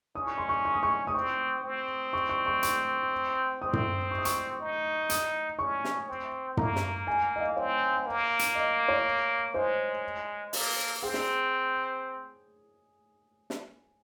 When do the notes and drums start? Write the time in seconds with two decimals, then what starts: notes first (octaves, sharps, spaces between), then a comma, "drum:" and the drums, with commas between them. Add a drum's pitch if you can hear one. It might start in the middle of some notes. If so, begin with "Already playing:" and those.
0.15 C#4 D#6
0.27 C#6
0.38 C6
0.49 C#6
0.65 C#6
0.74 D#6
0.83 C#6
1.07 D#6
1.14 C4 C#6
1.64 C4
2.13 C#6
2.29 C#6
2.46 C#6
2.63 C#6, drum: hi-hat
3.62 C4 D#6
3.73 drum: tom
4.11 C#6
4.18 D#6
4.25 C#6, drum: hi-hat
4.60 D#4
5.10 D#6, drum: hi-hat
5.59 C#4 C#6
5.84 drum: snare
6.08 C4
6.57 A#3 A#5, drum: tom
6.76 drum: snare
7.07 G#5
7.36 D#5
7.40 F5
7.56 C4 C#5
8.06 A#3
8.39 drum: hi-hat
8.55 D#5
8.88 C#5
9.54 G#3 C5
10.53 A#3, drum: open hi-hat
11.02 C4 G#4
11.14 drum: snare
13.50 drum: snare